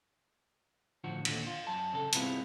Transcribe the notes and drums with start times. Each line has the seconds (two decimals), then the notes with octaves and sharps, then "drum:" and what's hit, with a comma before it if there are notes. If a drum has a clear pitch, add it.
1.04 A2 D3 F3 F#4
1.25 D#2 A#2 D3, drum: cymbal
1.47 F4
1.67 F#2 A5
1.93 C#3 A4
2.13 G2 C3 G#3 B3 E4 F4, drum: hi-hat